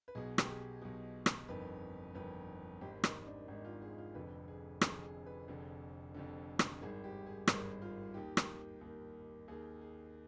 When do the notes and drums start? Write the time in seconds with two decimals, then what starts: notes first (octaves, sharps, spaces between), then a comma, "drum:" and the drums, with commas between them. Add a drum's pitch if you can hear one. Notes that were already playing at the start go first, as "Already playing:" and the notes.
0.08 B4
0.15 B1 B2 G#4
0.38 G4, drum: rim click
0.48 G#4
0.82 B1 B2
1.26 drum: rim click
1.48 G1 F2 D#3 B4
2.15 G1 F2 D#3 B4
2.81 G#1 G#2 D#3 G4
3.04 D#4, drum: rim click
3.26 D4
3.48 G#1 G#2 D#3 D#4
3.65 F4
3.82 G#4
3.98 F4
4.15 F1 F2 D3 B4
4.48 G#4
4.81 F1 F2 D3 G#4, drum: rim click
5.03 G#4
5.26 B4
5.48 F1 F2 D3 G#4
6.14 F1 F2 D3
6.59 drum: rim click
6.81 G#1 G2 D#3 G#4
7.04 G4
7.26 G#4
7.47 G#1 G2 D#3 G#4, drum: rim click
7.82 F4
8.14 D#2 D#3 G4
8.37 drum: rim click
8.81 D#2 D#3
9.48 D#2 D#3 G#4
9.81 G#4